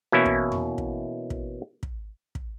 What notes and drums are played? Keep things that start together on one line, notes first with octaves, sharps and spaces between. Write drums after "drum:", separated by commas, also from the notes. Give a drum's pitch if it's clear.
B2 E3 A#3 C#4 E4
drum: kick
drum: tom E2
drum: kick
drum: kick
drum: kick
drum: kick